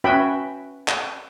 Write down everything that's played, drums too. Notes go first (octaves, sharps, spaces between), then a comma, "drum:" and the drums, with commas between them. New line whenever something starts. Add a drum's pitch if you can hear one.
C#4 F#4 B4 E5 G5 B5
drum: clap